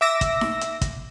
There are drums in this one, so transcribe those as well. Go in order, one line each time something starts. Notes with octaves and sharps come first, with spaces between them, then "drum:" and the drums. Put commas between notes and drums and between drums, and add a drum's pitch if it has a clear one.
E5 D6 E6 A#6
drum: kick, hi-hat
drum: snare D#4
drum: hi-hat
drum: kick, hi-hat